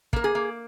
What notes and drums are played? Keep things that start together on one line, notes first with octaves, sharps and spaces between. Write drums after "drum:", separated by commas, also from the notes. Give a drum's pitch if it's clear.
A#3 A#4, drum: kick
G#4
A#3